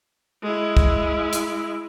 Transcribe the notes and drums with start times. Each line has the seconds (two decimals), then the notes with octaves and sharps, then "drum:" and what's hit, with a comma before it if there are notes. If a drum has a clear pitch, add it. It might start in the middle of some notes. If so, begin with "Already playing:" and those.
0.42 G#3 E4
0.77 drum: kick
1.33 drum: hi-hat